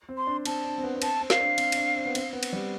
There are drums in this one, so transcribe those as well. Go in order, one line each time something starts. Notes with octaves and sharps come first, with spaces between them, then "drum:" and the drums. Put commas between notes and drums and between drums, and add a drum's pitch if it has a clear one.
C4
C6
D4
C4 A5, drum: cymbal
D4
C4
B3
B3
C4 A5, drum: cymbal
C4
F5, drum: snare
D4
C4, drum: cymbal
C4, drum: cymbal
D4
C4
B3
C4, drum: cymbal
B3
drum: cymbal
G3